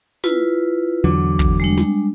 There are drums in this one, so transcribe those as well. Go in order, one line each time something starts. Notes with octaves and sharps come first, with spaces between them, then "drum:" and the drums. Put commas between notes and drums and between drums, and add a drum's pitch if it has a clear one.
E4 F4 B4, drum: snare
E2 D3 F#3 D6
drum: kick
G3 G#3 D4
drum: snare